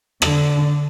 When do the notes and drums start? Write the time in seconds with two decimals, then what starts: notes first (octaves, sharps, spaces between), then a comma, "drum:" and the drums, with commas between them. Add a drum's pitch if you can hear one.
0.22 D3, drum: rim click